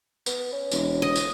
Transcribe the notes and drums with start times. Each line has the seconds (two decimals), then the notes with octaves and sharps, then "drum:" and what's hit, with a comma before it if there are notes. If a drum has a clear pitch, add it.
0.26 B3, drum: tambourine
0.53 C#4
0.71 E1, drum: tambourine
1.02 D#5
1.16 drum: tambourine